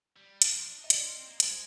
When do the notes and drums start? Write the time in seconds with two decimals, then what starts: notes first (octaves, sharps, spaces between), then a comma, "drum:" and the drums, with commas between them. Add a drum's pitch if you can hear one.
0.16 G3
0.42 D#3, drum: hi-hat
0.54 F3
0.66 D4
0.79 D#4
0.84 D#5
0.90 D5, drum: hi-hat
1.03 F4
1.15 C4
1.28 A#3
1.40 G#3 C5, drum: hi-hat